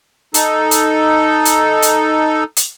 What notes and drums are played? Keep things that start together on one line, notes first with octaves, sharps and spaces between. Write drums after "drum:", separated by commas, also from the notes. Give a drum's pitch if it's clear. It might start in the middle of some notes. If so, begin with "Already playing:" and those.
D#4 A4, drum: hi-hat
drum: hi-hat
drum: hi-hat
drum: hi-hat
drum: hi-hat